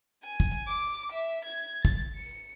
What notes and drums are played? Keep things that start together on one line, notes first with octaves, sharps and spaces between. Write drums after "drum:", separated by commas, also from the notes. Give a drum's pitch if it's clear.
G#5
drum: kick
D6
E5
G#6
A6, drum: kick
C#7